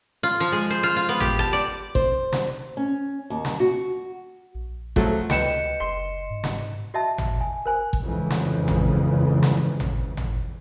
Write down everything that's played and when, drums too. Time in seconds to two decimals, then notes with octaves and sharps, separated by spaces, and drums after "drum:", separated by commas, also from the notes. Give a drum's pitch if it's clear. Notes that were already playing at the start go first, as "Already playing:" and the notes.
0.23 F4
0.40 F3
0.52 G#3
0.70 C5
0.83 F4
0.96 F4
1.09 B3
1.20 G4, drum: tom G#1
1.39 A5
1.53 D5
1.95 C5, drum: kick
2.32 drum: snare
2.77 C#4
3.30 D#2
3.45 drum: snare
3.60 F#4
4.55 A#1
4.96 F3 F#3 A3, drum: kick
5.30 C#2 B4 D#5 G5 C#7 E7, drum: snare
5.80 F#1 C6
6.30 G#2
6.44 drum: snare
6.94 F#4 D#5 E5 A5
7.18 drum: tom G#1
7.41 G#5
7.66 A#4 C5 G#5
7.93 drum: kick
8.02 F2 G#2 C#3 E3
8.30 drum: snare
8.68 drum: tom G#1
9.42 drum: snare
9.80 drum: tom G#1
10.17 drum: tom G#1